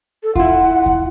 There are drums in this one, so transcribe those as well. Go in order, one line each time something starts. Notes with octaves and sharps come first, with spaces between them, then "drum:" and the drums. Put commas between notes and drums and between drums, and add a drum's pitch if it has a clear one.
A4
E4 F4 F#5, drum: kick D#2
drum: kick D#2